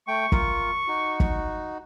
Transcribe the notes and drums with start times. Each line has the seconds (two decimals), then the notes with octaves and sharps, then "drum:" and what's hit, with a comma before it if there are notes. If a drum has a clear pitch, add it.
0.08 A3 G5 C#6
0.32 F4 A#4, drum: kick
0.88 D#4 F#4
1.20 drum: kick